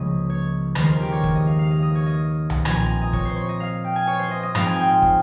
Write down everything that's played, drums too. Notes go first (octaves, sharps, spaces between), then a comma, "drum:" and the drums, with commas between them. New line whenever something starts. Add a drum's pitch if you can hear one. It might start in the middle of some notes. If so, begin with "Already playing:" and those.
Already playing: C#2 C#3 F3 A#3 C#5 D#5
C#5
D#2 D#3 G#3 C5, drum: rim click
A#4
G4
C#5
drum: kick
D#5
F5
F5
D#5
D#5
C#5
D#5
drum: tom B1
A#2 F3 C4 G#5, drum: rim click
A#5
G#5
D#5
C#5, drum: kick
C5
C#5
D#5
F5
G5
G#5
C#5
C5
D#5
D#5
G#2 F3 C4 F5, drum: rim click
G#5
G5
drum: kick